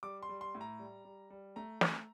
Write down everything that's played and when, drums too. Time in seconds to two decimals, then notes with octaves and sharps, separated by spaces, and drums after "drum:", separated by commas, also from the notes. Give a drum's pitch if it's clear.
0.03 G3 D6
0.23 C6
0.29 G3
0.41 C6
0.55 A2
0.61 A#5
0.79 G3
1.05 G3
1.30 G3
1.56 A3 A#5
1.81 A3, drum: snare